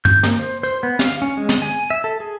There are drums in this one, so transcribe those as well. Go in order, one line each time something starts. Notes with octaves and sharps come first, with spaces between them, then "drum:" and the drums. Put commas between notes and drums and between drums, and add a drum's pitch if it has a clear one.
G6, drum: tom
A#3, drum: snare
C5
C5, drum: hi-hat
B3
F5, drum: snare
C#4
G#3
drum: snare
G#5
E5
A4
G#4